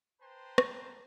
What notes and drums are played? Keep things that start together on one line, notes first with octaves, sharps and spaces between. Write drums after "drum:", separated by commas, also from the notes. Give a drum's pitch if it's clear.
B4 C5 G5 A5 A#5 C6
drum: rim click